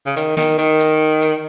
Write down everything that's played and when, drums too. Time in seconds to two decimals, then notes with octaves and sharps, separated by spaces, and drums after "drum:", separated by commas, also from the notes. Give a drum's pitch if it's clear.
0.06 C#3
0.17 D#3, drum: hi-hat
0.37 D#3, drum: snare
0.58 D#3, drum: hi-hat
0.79 drum: hi-hat
1.21 drum: hi-hat